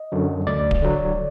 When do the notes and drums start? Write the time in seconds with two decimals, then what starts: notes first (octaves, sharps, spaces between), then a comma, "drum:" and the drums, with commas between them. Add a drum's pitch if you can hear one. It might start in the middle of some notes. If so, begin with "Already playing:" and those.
Already playing: D#5
0.12 F#2 D3 F#3
0.47 D2 D5
0.71 drum: kick D1
0.82 D3 F#3